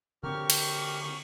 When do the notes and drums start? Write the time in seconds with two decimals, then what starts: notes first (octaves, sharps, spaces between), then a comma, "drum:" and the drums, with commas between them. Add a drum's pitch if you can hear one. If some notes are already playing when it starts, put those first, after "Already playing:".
0.23 D3 C4 G4 A#4 C#6 F6
0.50 drum: cymbal